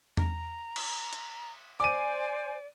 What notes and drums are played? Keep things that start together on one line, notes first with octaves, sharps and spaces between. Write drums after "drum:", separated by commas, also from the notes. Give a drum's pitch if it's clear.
A#5, drum: tom E2
drum: cymbal
drum: hi-hat
C5 D5 G#5 D6 D#7